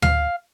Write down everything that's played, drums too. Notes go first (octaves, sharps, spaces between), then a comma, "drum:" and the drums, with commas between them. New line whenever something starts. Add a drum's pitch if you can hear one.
F5, drum: tom D2